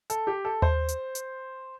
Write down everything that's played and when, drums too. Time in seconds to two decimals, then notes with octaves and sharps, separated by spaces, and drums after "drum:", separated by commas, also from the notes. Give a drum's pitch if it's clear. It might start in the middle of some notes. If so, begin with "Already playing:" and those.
0.10 A4, drum: hi-hat
0.27 G4
0.45 A4
0.62 C5, drum: tom D#2
0.88 drum: hi-hat
1.15 drum: hi-hat